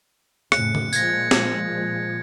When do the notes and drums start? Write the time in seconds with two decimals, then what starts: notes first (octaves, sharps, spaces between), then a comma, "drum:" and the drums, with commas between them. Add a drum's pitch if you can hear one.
0.52 F2 A2 C#3 F#6 C#7, drum: rim click
0.75 drum: tom C#3
0.93 A#2 F3 G#3 G#6 A#6, drum: tambourine
1.31 drum: snare